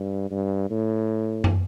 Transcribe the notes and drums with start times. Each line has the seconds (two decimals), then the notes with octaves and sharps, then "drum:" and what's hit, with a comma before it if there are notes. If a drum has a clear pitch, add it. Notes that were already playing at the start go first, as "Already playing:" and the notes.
Already playing: G2
0.31 G2
0.71 A2
1.44 drum: tom F#2